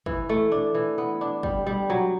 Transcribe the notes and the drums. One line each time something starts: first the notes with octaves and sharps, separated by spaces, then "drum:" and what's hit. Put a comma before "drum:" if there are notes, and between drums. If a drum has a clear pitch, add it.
E3, drum: kick
A3
D4
E3
B3
D4
G3, drum: kick
G3
F#3